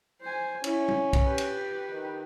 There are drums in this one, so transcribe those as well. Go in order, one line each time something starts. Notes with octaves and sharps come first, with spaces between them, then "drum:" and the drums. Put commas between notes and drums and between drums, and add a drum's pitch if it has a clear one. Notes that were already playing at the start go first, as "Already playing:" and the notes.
C5 G#5
C#4 E4, drum: cymbal
drum: tom
drum: kick, cymbal
G4 B4
drum: cymbal
D#3